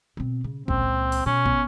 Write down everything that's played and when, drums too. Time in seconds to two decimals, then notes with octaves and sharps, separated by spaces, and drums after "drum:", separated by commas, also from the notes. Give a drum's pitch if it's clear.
0.17 B2 C4
0.44 C#3
0.68 C#2 A#2 C4, drum: kick
1.12 drum: open hi-hat
1.26 B2 C#4
1.46 B3, drum: kick